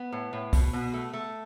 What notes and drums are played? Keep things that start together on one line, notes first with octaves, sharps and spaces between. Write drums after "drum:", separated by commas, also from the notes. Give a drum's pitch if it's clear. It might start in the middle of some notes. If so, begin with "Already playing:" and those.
Already playing: B3
A2
A2
B2, drum: kick, open hi-hat
B2
A3
A3